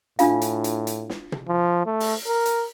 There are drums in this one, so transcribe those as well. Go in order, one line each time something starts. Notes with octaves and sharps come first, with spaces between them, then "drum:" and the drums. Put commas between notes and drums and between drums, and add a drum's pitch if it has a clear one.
A2 D4 F4 F5, drum: hi-hat
drum: hi-hat
drum: hi-hat
drum: hi-hat
drum: snare
drum: tom
F3
A3
drum: open hi-hat
A#4
drum: hi-hat